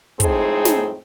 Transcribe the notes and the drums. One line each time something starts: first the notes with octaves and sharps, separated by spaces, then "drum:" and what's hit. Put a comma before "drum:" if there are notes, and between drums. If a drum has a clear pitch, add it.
F2 A2 G#3 C4 D#4 G#4, drum: kick, hi-hat
drum: snare